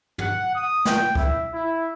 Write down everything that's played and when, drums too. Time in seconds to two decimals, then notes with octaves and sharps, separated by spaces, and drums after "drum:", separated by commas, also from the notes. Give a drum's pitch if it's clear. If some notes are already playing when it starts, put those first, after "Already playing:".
0.18 F#5, drum: tom
0.53 D#6
0.85 G5, drum: snare
1.15 E4, drum: kick C#2
1.53 E4